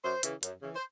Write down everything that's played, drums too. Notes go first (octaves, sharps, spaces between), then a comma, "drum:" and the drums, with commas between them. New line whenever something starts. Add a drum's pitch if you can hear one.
F#2 C5
C#3 E3, drum: hi-hat
F#2, drum: hi-hat
C#3 E3
C5